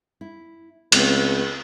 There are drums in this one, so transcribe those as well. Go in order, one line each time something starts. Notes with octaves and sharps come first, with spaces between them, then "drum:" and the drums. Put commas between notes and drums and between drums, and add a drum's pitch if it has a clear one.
E4
C#2 A3 B3 C4, drum: cymbal